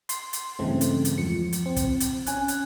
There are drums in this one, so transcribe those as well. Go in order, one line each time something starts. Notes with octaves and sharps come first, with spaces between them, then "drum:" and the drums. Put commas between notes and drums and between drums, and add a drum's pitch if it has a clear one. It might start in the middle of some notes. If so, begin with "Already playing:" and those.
C6, drum: hi-hat
drum: hi-hat
G2 C#3 E3 G#3 A3 C4
drum: hi-hat
drum: hi-hat
E2 F3 C#7
drum: hi-hat
C4
drum: kick, hi-hat
drum: hi-hat
C#4 G#5 F#6, drum: hi-hat
drum: hi-hat